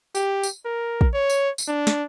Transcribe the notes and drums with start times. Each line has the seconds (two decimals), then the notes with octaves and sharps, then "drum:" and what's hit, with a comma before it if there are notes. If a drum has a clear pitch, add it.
0.15 G4, drum: tambourine
0.43 drum: tambourine
0.65 A#4
1.01 drum: kick
1.14 C#5
1.30 drum: tambourine
1.58 drum: tambourine
1.68 D4
1.87 drum: snare